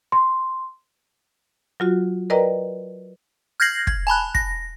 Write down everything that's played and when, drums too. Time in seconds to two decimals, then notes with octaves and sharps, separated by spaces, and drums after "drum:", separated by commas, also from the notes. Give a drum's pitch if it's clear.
0.12 C6
1.80 F#3 F4 F#4
2.30 A#4 B4 D5 D#5 G5 A#5
3.60 F6 G6 G#6 A#6 C7 F#7
3.87 G#6, drum: kick
4.07 G#5 A5 B5 F#6
4.35 A#6, drum: kick